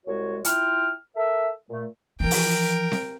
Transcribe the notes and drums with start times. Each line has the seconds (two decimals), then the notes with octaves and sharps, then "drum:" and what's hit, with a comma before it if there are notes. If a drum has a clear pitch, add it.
0.06 C2 G#3 F#4 C#5
0.45 E4 F4 G5 F6, drum: hi-hat
1.17 A4 A#4 E5
1.69 A#2 A3
2.20 E3 F3 A#4 G5
2.31 drum: open hi-hat
2.92 drum: snare C4